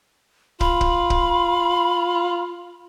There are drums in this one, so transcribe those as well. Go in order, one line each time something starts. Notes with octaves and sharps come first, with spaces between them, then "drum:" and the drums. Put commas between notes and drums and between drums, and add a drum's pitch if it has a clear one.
F4 B5, drum: kick
drum: kick
drum: kick